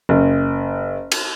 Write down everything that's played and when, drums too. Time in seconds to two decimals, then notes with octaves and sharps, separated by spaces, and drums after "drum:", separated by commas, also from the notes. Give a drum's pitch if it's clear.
0.09 F#1
1.12 drum: cymbal